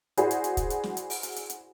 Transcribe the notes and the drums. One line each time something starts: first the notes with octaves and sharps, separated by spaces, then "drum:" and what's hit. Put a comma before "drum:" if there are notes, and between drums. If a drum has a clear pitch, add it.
E4 F#4 G#4 C5 D5, drum: hi-hat
drum: hi-hat
drum: hi-hat
drum: kick, hi-hat
drum: hi-hat
drum: snare
drum: hi-hat
drum: open hi-hat
drum: hi-hat
drum: hi-hat
drum: hi-hat